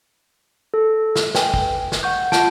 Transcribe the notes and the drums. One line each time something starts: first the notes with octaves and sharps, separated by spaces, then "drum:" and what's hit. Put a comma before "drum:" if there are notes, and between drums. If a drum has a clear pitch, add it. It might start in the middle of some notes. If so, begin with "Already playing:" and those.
A4
drum: snare
B4 G5 G#5, drum: snare
drum: kick
drum: snare
F#5 C#6 G6
F4 A5 G6 D7, drum: snare